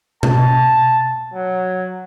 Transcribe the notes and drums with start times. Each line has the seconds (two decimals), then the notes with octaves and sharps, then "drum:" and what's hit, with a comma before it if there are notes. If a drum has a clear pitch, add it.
0.23 A5, drum: tom B2
1.34 F#3